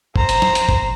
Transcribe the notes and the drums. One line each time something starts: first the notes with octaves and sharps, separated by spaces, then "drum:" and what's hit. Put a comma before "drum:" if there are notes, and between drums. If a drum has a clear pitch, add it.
C5 A#5, drum: kick G1
drum: hi-hat
drum: snare
drum: hi-hat
drum: kick G1